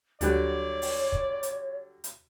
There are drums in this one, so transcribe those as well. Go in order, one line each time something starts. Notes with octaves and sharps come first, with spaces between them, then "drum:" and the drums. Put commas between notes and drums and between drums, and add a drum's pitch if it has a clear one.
D2 D3 F#3 G3 G4 C#5 D5 F#6, drum: hi-hat
drum: open hi-hat
drum: kick
drum: hi-hat
drum: hi-hat